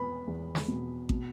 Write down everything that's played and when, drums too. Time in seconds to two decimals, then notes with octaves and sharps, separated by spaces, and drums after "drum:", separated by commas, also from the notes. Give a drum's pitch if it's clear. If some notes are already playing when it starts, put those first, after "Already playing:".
Already playing: E2 B3 B5
0.27 E2
0.55 drum: snare
0.68 B2
1.09 B2, drum: kick A1